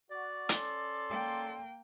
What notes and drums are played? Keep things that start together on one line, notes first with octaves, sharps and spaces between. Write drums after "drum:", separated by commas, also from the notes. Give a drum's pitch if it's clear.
F#4 D5
C#4 A4 C6, drum: hi-hat
A#3 G5